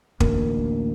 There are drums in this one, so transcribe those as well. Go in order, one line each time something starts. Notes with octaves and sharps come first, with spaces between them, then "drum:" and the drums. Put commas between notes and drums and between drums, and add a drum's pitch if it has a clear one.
A1 D2 A#3, drum: kick